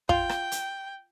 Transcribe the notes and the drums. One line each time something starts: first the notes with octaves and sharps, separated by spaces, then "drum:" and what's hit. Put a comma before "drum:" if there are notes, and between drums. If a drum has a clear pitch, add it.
F4 G5, drum: kick
drum: rim click
drum: hi-hat